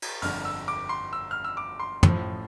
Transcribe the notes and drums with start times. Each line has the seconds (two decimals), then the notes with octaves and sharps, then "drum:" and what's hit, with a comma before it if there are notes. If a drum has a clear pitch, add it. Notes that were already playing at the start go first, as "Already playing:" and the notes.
0.02 drum: cymbal
0.22 G1 F2 D3 F6, drum: open hi-hat
0.45 E6
0.68 D6
0.89 C6
1.13 E6
1.31 F6
1.44 E6
1.57 D6
1.80 C6
2.03 A1 A2 F3, drum: tom